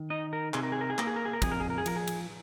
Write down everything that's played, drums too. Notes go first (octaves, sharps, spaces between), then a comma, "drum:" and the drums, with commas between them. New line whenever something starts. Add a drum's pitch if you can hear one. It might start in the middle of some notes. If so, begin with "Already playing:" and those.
Already playing: D#3
D#4 D#5
A#4
C3 G#4, drum: clap
A#4
G#4
A#4
G#4
A#3 A#4, drum: clap
G#4
A#4
G#4
A#4
F2 G#4, drum: kick, cymbal
A#4
G#4
A#4
G#4
F3 A#4, drum: cymbal
G#4
drum: cymbal